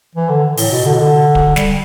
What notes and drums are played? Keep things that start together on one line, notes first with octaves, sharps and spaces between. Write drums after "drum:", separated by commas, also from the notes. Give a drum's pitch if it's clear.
E3
D3
A2, drum: open hi-hat
B2
D3
B2
D3
drum: kick
G3, drum: snare